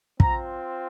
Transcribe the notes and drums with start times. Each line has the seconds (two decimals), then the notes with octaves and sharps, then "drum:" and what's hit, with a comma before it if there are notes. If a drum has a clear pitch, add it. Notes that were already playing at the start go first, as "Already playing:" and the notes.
0.20 C4 F4 A#5, drum: kick